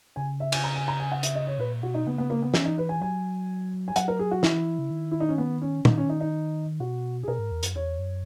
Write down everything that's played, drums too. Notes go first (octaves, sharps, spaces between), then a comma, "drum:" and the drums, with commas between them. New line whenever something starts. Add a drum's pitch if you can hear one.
C#3 G#5
E5
G#5, drum: cymbal
A#5
G#5
A#5
G#5
F#5
E5, drum: hi-hat
D#5
C#5
A#2 B4
B2 F#4
D#4
C#3 B3
B3
A#3
B3
E3 C#4, drum: snare
D#4
B4
G#5
F#3 G#5
G#5
F#3 F#5, drum: hi-hat
A#4
G#4
F#4
E3 E4, drum: snare
C#3
D#3
E4
D#4
C#4
B3
C#4
D#3 D#4, drum: tom
C#4
D#4
D#4
B2 F#4
G#4
B2 A#4
G#2
E2
F#2, drum: hi-hat
E2 C#5
F#2